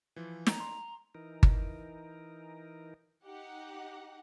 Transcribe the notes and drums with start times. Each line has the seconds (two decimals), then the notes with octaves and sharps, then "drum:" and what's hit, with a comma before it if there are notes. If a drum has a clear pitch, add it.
0.16 E3 F3
0.47 A#5, drum: snare
0.60 C6
1.15 E3 D#4 A#4
1.43 drum: kick G1
3.26 D#4 G4 F#5